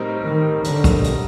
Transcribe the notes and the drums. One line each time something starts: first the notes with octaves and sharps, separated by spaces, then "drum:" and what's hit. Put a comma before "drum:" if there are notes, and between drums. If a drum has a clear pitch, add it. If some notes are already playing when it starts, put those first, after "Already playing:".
Already playing: A2 G3 C4 D#4 A#4
D#3
D3, drum: hi-hat
drum: kick, hi-hat
drum: hi-hat